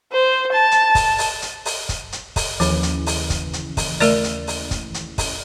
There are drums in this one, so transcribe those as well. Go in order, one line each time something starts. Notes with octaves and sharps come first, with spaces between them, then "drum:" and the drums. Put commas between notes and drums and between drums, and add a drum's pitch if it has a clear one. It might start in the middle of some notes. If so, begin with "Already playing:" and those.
C5
A5
drum: hi-hat
drum: kick, open hi-hat
drum: open hi-hat
drum: hi-hat
drum: open hi-hat
drum: kick, hi-hat
drum: hi-hat
drum: kick, open hi-hat
D#2 C#3 E3 F3, drum: open hi-hat
drum: hi-hat
drum: open hi-hat
drum: kick, hi-hat
drum: hi-hat
drum: kick, open hi-hat
A3 A#4 D5, drum: open hi-hat
drum: hi-hat
drum: open hi-hat
drum: kick, hi-hat
drum: hi-hat
drum: kick, open hi-hat